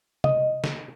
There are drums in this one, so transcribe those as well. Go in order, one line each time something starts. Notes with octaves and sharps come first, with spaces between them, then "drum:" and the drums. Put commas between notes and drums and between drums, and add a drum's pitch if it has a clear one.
D#5, drum: tom C3
drum: snare